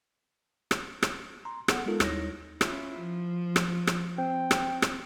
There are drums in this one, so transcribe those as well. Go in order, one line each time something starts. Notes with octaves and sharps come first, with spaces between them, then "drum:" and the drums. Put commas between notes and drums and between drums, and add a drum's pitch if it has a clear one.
drum: rim click
drum: rim click
A#5 C6
B3 G#4 A4 F#5, drum: rim click
G#3 B3 D#4 F4 A4 A#4
D#2 G3 D#4 E4 C#5 A#6, drum: rim click
C#4 E4 F4, drum: rim click
F3
drum: rim click
drum: rim click
C4 G5
drum: rim click
drum: rim click